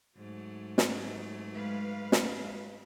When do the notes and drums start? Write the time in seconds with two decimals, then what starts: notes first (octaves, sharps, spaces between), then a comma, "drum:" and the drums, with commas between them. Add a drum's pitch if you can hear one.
0.17 G#2 F#3 A3
0.78 drum: snare
1.55 G#3 B4 F5
2.12 drum: snare